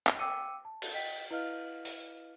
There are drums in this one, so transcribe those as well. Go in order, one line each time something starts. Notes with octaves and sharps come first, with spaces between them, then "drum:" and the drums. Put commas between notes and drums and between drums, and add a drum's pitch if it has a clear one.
drum: clap
G5 D6 E6 C#7 D#7
A5
drum: cymbal
D#5 G5 B6
E4 B4 D#5 F5 F6
drum: open hi-hat